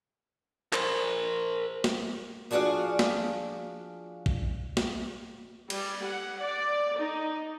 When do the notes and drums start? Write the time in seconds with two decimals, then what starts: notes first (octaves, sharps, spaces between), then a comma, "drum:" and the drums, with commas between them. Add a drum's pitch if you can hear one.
0.73 A#4 C5, drum: clap
1.84 drum: snare
2.51 F3 D4 F#4 G#4 D5 F5
2.99 drum: snare
4.26 drum: kick
4.77 drum: snare
5.70 G3, drum: cymbal
6.04 F#5
6.41 D5
6.99 D#4